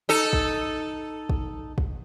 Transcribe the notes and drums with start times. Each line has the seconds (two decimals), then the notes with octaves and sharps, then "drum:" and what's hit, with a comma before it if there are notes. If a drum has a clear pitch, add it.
0.09 D#4 A4
0.33 drum: kick
1.29 drum: kick
1.78 drum: kick